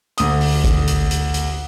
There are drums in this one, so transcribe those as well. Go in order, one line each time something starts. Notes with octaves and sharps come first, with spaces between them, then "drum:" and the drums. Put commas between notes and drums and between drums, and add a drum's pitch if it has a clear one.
D2 D#6, drum: hi-hat
drum: open hi-hat
drum: kick G#1, hi-hat
drum: hi-hat
drum: hi-hat
drum: hi-hat